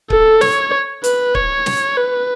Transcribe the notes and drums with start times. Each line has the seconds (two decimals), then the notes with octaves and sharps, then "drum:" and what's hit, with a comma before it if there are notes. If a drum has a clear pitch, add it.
0.10 A4, drum: kick C#1
0.41 C#5, drum: snare
1.04 B4, drum: hi-hat
1.35 C#5, drum: kick C#1
1.66 drum: snare
1.97 B4